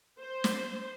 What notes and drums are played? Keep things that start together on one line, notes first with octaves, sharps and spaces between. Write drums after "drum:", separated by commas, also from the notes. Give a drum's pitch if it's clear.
C5
drum: snare